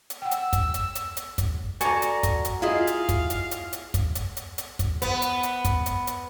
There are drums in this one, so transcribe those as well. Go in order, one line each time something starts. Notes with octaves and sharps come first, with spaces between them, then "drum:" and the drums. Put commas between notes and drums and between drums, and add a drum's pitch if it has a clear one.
drum: hi-hat
F#5 G5 E6
drum: hi-hat
drum: kick, hi-hat
drum: hi-hat
drum: hi-hat
drum: hi-hat
drum: kick, hi-hat
F#4 A4 D5 G#5 A#5 D6, drum: hi-hat
drum: hi-hat
drum: kick, hi-hat
drum: hi-hat
E4 F4 G#4 D#5 F5
drum: hi-hat
drum: kick, hi-hat
drum: hi-hat
drum: hi-hat
drum: hi-hat
drum: kick, hi-hat
drum: hi-hat
drum: hi-hat
drum: hi-hat
drum: kick, hi-hat
B3, drum: hi-hat
drum: hi-hat
drum: hi-hat
drum: kick, hi-hat
drum: hi-hat
drum: hi-hat